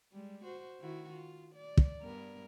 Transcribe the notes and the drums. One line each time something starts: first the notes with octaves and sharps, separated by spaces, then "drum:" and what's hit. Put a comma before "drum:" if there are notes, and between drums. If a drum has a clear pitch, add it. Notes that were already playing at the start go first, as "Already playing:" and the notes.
G3 G#3
F#4 C5
D#3 E4 F#4
F4
D5
drum: kick
G2 B3 A#4